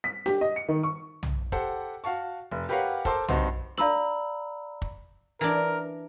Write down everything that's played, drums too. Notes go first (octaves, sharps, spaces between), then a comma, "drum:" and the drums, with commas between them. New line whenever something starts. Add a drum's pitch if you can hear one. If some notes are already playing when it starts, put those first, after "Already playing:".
B6
G4, drum: snare D4
D#5
C#7
D#3
C#6
drum: tom
G4 A4 C5 F#5, drum: kick
F#4 F5 A5 C#6
F1
G4 A#4 B4 C#5 F5 F#5
A4 A#4 C5 A5 C6 D6, drum: kick
G2 C4 D#4 F#4 C6, drum: tom
D5 F5 A#5 B5 E6 F#7, drum: snare D4
drum: kick
E3 D4 A#4